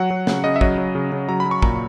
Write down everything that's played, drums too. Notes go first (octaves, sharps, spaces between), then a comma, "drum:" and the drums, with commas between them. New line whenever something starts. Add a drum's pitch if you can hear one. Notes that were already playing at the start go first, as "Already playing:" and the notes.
Already playing: F#3 F#5
F#3
C#3, drum: snare
C#3 D#5
E5
F#3 D#5, drum: kick
F#3
C#3
C#3
F#3 A#5
B5
F#3
C#6
A#2 A#5, drum: kick